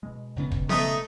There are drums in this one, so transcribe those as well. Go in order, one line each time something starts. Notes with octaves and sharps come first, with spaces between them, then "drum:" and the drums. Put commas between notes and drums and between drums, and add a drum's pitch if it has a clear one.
B2 G#3
E1 C#3 B3
drum: kick
A3 D#4 D#6, drum: snare B3